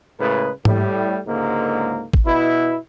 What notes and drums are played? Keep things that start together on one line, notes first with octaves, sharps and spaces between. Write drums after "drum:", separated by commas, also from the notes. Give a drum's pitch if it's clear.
A2 C#3 G#3 A#4 B4
A2 G3, drum: tom G#2
C#2 G#2 D3 A#3
drum: kick
B2 E4